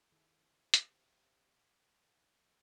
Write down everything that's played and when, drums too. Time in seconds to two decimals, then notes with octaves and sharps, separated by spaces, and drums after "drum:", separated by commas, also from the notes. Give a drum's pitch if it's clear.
0.12 C3 D#3 E4 G#4 A4 F5
0.74 drum: hi-hat